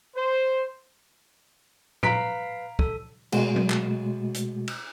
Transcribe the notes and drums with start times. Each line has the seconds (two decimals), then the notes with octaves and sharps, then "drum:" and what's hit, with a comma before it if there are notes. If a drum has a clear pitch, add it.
0.16 C5
2.03 B4 F5 A#5 B6 D7, drum: tom A2
2.79 A4, drum: kick
3.32 B2 G#3 A3 F#4, drum: cymbal
3.56 drum: tom F#3
3.70 drum: clap
4.34 drum: hi-hat
4.68 drum: cymbal